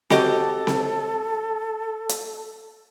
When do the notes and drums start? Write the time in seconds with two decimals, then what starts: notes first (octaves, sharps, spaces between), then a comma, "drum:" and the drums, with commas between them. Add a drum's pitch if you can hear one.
0.10 F#4 G4 A4 D#5, drum: snare C4
0.67 drum: snare C4
2.09 drum: hi-hat